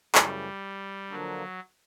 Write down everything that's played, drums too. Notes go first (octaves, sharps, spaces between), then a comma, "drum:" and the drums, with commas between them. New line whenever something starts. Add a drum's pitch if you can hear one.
F#2 C#3 E3 G3 A3, drum: clap
D3 F3 F#3 A#3 D4